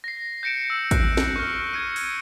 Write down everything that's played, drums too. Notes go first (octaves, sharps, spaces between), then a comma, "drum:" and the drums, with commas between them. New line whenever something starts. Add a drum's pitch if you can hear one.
A#6 C7
G6 A#6 C#7 D7 E7
E6
F#6, drum: kick, hi-hat
drum: snare
C#6 F6
G#6 C#7 D#7
drum: open hi-hat